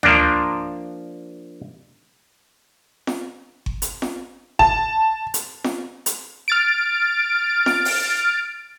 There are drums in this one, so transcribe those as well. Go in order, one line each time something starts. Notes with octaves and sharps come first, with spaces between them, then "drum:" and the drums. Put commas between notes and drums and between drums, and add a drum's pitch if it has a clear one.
F3 A#3 D4, drum: tom D2
drum: snare
drum: kick G1
drum: hi-hat
drum: snare
A5, drum: kick G1
drum: hi-hat
drum: snare
drum: hi-hat
F6 A6 D7
drum: snare
drum: open hi-hat